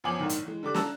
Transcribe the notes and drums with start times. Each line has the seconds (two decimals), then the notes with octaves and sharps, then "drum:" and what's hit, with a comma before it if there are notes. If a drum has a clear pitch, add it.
0.04 F#2 F3 B3 G#5 D6 F#7
0.20 A#1 G#2 D#3
0.29 drum: hi-hat
0.44 E3 G#3
0.63 D3 G3 D6 F#6
0.74 A5 A#5 E6 F#6, drum: snare